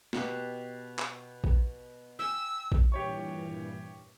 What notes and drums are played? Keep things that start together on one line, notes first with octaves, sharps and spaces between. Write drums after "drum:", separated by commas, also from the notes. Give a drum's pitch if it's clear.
B2 F#4 G4, drum: snare
drum: clap
drum: kick A#1
G5 G#5 E6
drum: kick A#1
G2 A#2 E3 G4 C#5 C#6